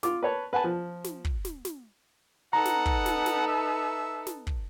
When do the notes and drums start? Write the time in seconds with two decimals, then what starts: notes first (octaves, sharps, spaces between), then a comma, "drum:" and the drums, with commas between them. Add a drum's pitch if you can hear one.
0.03 F4 D6, drum: snare
0.23 B4 C#5 A5
0.53 B4 F#5 G#5 A5
0.64 F3
1.04 drum: snare
1.25 drum: kick
1.45 drum: snare
1.65 drum: snare
2.53 D#4 A4 B4 F#5 A#5
2.65 drum: snare
2.86 drum: kick
3.06 drum: snare
3.26 drum: snare
3.47 E5
4.27 drum: snare
4.47 drum: kick